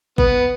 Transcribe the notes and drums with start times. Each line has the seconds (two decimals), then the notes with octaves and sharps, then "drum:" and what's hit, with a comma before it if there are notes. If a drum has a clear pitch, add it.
0.18 B3, drum: kick